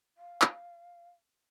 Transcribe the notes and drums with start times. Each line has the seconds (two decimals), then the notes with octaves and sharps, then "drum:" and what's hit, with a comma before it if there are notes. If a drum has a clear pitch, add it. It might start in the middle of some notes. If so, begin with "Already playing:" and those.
0.17 F5
0.42 drum: clap